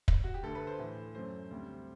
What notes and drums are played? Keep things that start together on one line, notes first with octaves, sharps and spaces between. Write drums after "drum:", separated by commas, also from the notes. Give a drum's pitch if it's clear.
drum: kick
F#4
G4
D2 D3 A3 A4
B4
C5
A2 E3 A3
F#2 F#3 A3 C5
D2 C3 G3